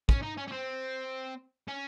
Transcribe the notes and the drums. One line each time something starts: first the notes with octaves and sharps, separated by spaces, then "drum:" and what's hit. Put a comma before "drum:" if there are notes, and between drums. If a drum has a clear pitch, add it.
C#4, drum: kick
D#4
C#4
C#4
C4
C#4